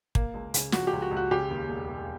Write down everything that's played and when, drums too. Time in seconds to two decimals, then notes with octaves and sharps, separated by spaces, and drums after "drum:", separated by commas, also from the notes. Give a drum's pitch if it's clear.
0.15 A#3, drum: kick
0.34 C#2
0.54 C#3, drum: hi-hat
0.72 F3 F#4, drum: snare
0.87 G4
0.92 C#2
1.02 F#4
1.11 C#2
1.17 F#4
1.31 C#3 G4
1.50 D#2
1.69 E1
1.88 E1